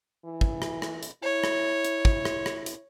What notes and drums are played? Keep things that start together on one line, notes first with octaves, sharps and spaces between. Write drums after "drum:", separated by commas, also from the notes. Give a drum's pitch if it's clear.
E3
drum: kick
drum: rim click
drum: rim click
drum: hi-hat
E4 C#5
drum: rim click
drum: hi-hat
drum: kick
drum: rim click
drum: rim click
drum: hi-hat